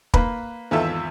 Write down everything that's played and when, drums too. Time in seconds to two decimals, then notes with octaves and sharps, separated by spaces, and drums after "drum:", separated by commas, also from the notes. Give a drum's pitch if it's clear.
0.14 A#3 B4, drum: kick
0.71 G#1 E2 F4 A4 E5